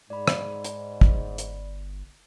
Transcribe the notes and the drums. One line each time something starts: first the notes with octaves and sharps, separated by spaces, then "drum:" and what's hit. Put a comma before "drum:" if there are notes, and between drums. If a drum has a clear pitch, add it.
G#2 D5 B5
drum: rim click
drum: hi-hat
G1, drum: kick
drum: hi-hat